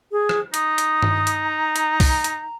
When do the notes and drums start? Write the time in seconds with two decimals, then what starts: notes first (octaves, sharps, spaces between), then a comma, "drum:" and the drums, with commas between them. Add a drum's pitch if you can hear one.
0.12 G#4
0.29 drum: rim click
0.54 D#4 D#6, drum: hi-hat
0.78 drum: hi-hat
1.02 drum: tom G2
1.27 drum: hi-hat
1.45 A#5
1.76 drum: hi-hat
2.00 drum: kick C2, open hi-hat
2.24 drum: hi-hat